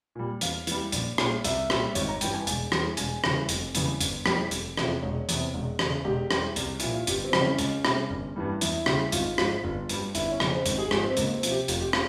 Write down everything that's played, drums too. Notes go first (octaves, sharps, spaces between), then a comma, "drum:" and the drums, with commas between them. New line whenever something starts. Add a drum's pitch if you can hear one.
A#2 G3
E2 F5, drum: hi-hat
E3 G3, drum: hi-hat
A#1, drum: hi-hat
A#2 G3, drum: rim click
C2 E5, drum: hi-hat
A#2 G3, drum: rim click
G#1 C#5, drum: hi-hat
A#5
G2 E3 G3 G5, drum: hi-hat
G#5
E1, drum: hi-hat
E2 E3 G3, drum: rim click
E1 G#5, drum: hi-hat
E2 C#3 E3 G3, drum: rim click
F1, drum: hi-hat
E2 C#3 E3 G3, drum: hi-hat
G1, drum: hi-hat
F2 E3 G3, drum: rim click
F1, drum: hi-hat
E2 C3 F3, drum: rim click
E1 C#5
E2 C3, drum: hi-hat
E1
E2, drum: rim click
C#3
E1 G4
E2 E3 G3, drum: rim click
C2, drum: hi-hat
A#2 F3 E4, drum: hi-hat
F4
G1 G4, drum: hi-hat
C4
F2 C#3 E3 G3, drum: rim click
C#4
C#2, drum: hi-hat
C3 G3, drum: rim click
G1
G2 E3 G3
E2 E4, drum: hi-hat
C#3 G3, drum: rim click
G#1 F4, drum: hi-hat
G#2 F3, drum: rim click
G1
G2 G3, drum: hi-hat
G1 E4, drum: hi-hat
C#4
F2 C#3, drum: rim click
C5
G#1, drum: hi-hat
G#4
G#2 F3 G4, drum: rim click
C4
C#2 A#3, drum: hi-hat
C4
C3 F3, drum: hi-hat
G4
F1 F4, drum: hi-hat
G4
F4, drum: rim click